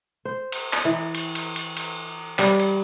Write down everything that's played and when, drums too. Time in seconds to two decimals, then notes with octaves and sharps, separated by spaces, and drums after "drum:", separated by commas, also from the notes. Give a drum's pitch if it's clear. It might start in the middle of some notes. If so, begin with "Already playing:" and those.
0.25 C5
0.52 drum: cymbal
0.73 drum: clap
0.85 E3
1.15 drum: cymbal
1.35 drum: cymbal
1.56 drum: cymbal
1.77 drum: cymbal
2.39 G3, drum: clap
2.60 drum: cymbal